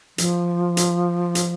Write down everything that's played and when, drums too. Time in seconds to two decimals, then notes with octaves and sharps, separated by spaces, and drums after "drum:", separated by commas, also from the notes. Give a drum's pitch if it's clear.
0.18 F3, drum: hi-hat
0.77 drum: hi-hat
1.35 drum: hi-hat